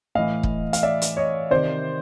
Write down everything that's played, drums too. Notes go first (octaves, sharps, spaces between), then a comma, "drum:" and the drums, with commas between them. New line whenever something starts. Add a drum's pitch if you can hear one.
A2 E3 D#5 F5
drum: kick
F5, drum: hi-hat
D5 E5
drum: hi-hat
C#5 D#5
C3 D#3 C5 D5